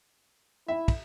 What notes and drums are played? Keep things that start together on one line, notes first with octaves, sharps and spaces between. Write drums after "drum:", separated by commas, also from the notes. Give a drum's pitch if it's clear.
E4 E5
drum: kick, cymbal